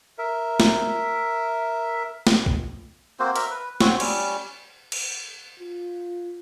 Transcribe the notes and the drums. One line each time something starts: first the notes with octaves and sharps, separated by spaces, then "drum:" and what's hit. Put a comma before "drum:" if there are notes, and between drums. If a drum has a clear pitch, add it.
A#4 E5
drum: snare
drum: snare
drum: kick
A#3 C4 F#4 C5
A#4 E5, drum: hi-hat
B4
C4 F#4 C#5, drum: snare
G3 C#4, drum: cymbal
drum: cymbal
F4